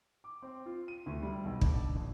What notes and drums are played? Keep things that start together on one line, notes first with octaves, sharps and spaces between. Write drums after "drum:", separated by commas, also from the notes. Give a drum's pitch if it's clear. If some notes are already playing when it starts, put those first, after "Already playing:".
D6
C4
F4
D#7
D2
G3
B1
D4, drum: kick
A#1